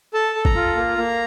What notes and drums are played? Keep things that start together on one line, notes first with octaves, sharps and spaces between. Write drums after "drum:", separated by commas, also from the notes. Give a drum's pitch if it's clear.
A4 A5
A4
A#5, drum: kick
F4
A#3
A#3